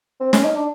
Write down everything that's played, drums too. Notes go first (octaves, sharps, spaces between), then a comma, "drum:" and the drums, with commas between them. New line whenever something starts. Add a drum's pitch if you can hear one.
C4
C#4, drum: snare
D#4
D4